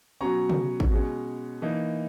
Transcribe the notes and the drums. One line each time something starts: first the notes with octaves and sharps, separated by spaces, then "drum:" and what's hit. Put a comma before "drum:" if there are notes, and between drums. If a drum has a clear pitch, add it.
B2 F#3 C#4 A#5 C#6
drum: tom
drum: kick
B2 G#3 C#4
E3 A#3 D#4